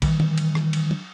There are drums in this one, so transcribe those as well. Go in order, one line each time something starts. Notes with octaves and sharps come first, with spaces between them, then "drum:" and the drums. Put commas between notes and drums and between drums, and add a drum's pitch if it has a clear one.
D#3 E3 G3, drum: kick A1, cymbal
drum: tom D3
drum: cymbal
drum: rim click
drum: cymbal
drum: tom